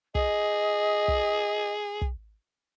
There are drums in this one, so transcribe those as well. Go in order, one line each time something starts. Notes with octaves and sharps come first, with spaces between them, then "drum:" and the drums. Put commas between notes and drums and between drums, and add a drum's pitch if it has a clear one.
G#4 D#5, drum: kick
drum: kick
drum: kick